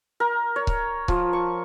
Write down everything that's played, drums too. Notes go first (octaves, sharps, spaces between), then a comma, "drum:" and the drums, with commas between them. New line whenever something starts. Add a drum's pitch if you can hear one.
A#4
C#5
drum: kick C#1
F3, drum: kick C#1
C#6